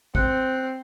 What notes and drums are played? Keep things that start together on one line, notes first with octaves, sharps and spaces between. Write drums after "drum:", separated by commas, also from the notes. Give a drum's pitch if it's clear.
C4 F#6 C#7, drum: kick G#1